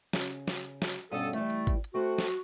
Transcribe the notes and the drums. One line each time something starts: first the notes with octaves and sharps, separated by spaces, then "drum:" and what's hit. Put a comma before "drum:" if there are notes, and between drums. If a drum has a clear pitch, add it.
C#3, drum: snare
drum: hi-hat
drum: snare
drum: hi-hat
drum: snare
drum: hi-hat
G2 B2 C#4 A4 D#6
E3 G3 A3, drum: hi-hat
drum: hi-hat
drum: kick, hi-hat
drum: hi-hat
A3 C4 F#4
drum: snare